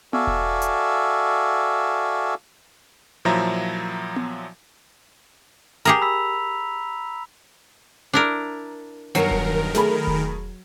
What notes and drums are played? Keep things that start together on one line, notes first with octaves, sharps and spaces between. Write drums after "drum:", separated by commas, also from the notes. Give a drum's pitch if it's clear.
F#4 A4 D5 E5 F5 G#5, drum: tom B3
drum: kick E1
drum: hi-hat
A#2 F3 F#3 E4 E5 A#5
drum: tom B3
G4 G#4 A#4 A#5 F7, drum: hi-hat
B5 E6 B6
D4 E4 A#4
G1 D#3 F#3 A#4 C7 C#7, drum: hi-hat
drum: kick E1
A3 G#4 B5, drum: snare
drum: kick E1